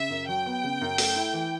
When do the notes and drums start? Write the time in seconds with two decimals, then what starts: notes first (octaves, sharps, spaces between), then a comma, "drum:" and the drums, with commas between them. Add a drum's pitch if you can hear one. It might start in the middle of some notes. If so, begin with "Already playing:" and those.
Already playing: C#3 E5
0.10 F#2
0.28 F#3 G5
0.46 B3
0.64 C#3
0.82 F#2
0.98 A3, drum: open hi-hat
1.16 E4
1.33 E3